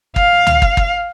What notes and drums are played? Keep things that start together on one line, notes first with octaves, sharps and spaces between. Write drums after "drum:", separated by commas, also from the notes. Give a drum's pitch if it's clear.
F5, drum: kick
drum: tom C#2
drum: kick
drum: kick